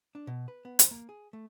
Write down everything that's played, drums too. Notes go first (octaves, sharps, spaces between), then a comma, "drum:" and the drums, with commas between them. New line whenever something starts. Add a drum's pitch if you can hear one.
D4
B2
B4
B3
C5, drum: hi-hat
A#3
G#4
A3